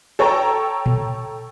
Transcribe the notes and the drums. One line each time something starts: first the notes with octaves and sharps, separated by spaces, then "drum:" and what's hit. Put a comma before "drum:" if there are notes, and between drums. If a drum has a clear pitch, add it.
A4 C#5 G5 A#5
drum: tom A#2